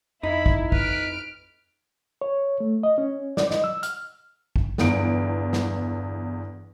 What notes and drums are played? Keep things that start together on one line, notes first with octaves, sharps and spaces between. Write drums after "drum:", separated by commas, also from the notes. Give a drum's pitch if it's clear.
F2 D#4 E4 B5
drum: kick
B4 F6 D7, drum: kick
C#5
A3
D#5
C#4
D5, drum: snare
D#5, drum: snare
E6
F6, drum: hi-hat
drum: kick
G1 E2 D7, drum: snare
drum: snare